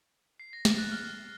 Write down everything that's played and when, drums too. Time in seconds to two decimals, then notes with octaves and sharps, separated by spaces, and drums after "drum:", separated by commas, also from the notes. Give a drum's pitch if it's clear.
0.40 C7
0.53 A#6
0.65 A6, drum: snare
0.78 F#6
0.92 F6